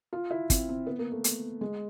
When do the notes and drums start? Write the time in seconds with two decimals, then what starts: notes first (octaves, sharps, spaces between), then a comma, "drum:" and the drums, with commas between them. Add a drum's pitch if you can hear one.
0.13 F4
0.31 E4
0.50 C4, drum: kick, hi-hat
0.69 C4
0.87 B3
0.99 A#3
1.12 A3
1.24 drum: hi-hat
1.61 G#3